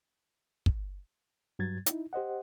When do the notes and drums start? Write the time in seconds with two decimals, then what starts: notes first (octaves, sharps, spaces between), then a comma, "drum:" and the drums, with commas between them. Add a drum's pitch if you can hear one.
0.66 drum: kick
1.59 G2 F#3 G#6 A6
1.86 D#4 E4, drum: hi-hat
2.13 G4 C5 D#5 F#5